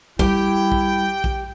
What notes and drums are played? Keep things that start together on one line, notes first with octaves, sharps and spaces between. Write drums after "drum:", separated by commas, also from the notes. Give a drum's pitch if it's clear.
G3 E4 G4 G5, drum: kick A#1
drum: kick A#1
drum: kick A#1